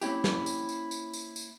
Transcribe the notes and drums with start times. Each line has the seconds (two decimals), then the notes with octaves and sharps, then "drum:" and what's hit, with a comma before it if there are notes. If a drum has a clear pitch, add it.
0.01 A#3 C4 C#4 E4 G4, drum: tambourine
0.24 drum: snare
0.46 drum: tambourine
0.69 drum: tambourine
0.91 drum: tambourine
1.13 drum: tambourine
1.36 drum: tambourine